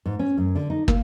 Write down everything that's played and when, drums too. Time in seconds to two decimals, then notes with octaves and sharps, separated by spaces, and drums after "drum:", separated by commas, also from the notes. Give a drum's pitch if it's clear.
0.06 G#2
0.19 C#4
0.37 F#2
0.55 D3
0.70 D#4
0.88 A#3, drum: kick